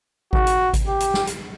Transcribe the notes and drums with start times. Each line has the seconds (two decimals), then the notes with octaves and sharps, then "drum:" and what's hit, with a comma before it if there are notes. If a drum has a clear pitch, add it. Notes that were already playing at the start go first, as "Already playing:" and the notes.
0.33 F#4, drum: kick G#1
0.47 drum: hi-hat
0.74 drum: kick G#1, hi-hat
0.87 G4
1.00 drum: hi-hat
1.14 drum: snare
1.27 drum: hi-hat